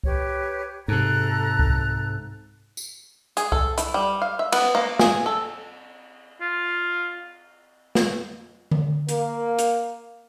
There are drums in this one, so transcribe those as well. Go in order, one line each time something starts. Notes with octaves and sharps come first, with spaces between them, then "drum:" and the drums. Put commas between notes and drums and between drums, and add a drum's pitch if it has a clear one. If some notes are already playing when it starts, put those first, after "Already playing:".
G4 B4 C#5, drum: kick C2
G#2 C3 A4 A#5 F#6
drum: kick C2
drum: tambourine
G#4, drum: hi-hat
A4, drum: kick C2
E4, drum: hi-hat
G3
F5
E5
B3, drum: cymbal
A#3
G#4, drum: snare
A4
F4
drum: snare
drum: tom D3
A#3, drum: hi-hat
drum: hi-hat